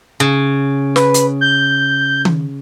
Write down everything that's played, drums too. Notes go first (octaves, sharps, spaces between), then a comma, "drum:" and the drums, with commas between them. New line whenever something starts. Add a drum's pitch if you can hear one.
C#3
B4, drum: snare
drum: hi-hat
G6
drum: tom D#3